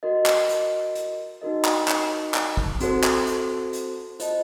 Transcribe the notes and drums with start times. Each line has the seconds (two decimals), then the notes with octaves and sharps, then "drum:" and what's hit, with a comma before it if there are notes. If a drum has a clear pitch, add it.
0.03 F#4 A#4 D#5
0.26 drum: clap
0.49 drum: hi-hat
0.95 drum: hi-hat
1.41 D#4 F#4 A#4 D#5
1.65 drum: clap
1.88 drum: clap
2.34 drum: clap
2.57 drum: kick
2.80 C4 F#4 A4 C5, drum: hi-hat
3.04 drum: clap
3.27 drum: hi-hat
3.73 drum: hi-hat
4.20 F4 C5 D#5 A5, drum: hi-hat